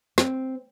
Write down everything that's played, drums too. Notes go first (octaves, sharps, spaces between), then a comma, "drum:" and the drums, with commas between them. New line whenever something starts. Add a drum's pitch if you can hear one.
C4, drum: snare